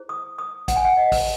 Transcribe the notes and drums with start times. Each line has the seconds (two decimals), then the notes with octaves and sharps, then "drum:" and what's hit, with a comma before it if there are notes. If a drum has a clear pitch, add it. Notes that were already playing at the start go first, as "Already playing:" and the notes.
Already playing: E4 G#4 C5
0.09 D#6
0.38 D#6
0.68 F#5, drum: kick, hi-hat
0.76 G#5
0.85 F#5
0.97 D#5
1.12 drum: kick, open hi-hat